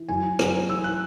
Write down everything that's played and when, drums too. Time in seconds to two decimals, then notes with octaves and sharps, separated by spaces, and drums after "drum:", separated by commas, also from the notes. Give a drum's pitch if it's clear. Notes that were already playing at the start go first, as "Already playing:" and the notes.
Already playing: E3
0.09 F#2 G#5
0.39 F#2, drum: rim click
0.69 E3 E6
0.84 F#6